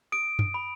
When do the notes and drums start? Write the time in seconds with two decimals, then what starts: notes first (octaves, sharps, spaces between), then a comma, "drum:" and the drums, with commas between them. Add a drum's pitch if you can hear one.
0.12 D#6 D7
0.39 drum: tom F#2
0.54 B5